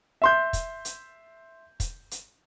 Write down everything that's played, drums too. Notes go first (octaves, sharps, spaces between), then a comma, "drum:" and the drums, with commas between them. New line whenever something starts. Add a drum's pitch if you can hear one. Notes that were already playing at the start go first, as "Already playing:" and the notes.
E5 C6 G6
drum: kick, hi-hat
drum: hi-hat
drum: kick, hi-hat
drum: hi-hat